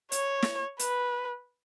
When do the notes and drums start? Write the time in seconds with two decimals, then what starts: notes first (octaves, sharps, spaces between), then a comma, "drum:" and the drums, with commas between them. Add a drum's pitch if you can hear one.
0.12 C#5, drum: hi-hat
0.42 drum: snare
0.79 B4, drum: hi-hat